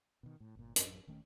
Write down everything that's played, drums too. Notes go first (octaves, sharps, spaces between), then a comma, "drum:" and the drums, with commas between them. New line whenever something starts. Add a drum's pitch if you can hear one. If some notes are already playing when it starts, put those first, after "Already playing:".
B2 D#3
A2
G1 A#2
A1 F#2 F#3 D4, drum: hi-hat
D#1 D#3 A3 C#4